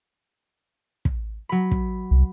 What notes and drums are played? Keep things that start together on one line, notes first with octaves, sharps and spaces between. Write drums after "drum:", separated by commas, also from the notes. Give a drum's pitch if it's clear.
drum: kick
F#3 B5
drum: kick
C2